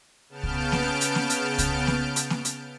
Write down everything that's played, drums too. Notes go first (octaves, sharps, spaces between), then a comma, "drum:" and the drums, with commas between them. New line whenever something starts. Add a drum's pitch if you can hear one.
C#3 B3 A5 F6 G6 D7
drum: kick C2
drum: snare A#3
drum: hi-hat
drum: snare A#3
drum: hi-hat
drum: kick C2, hi-hat
drum: snare A#3
drum: hi-hat
drum: snare A#3
drum: hi-hat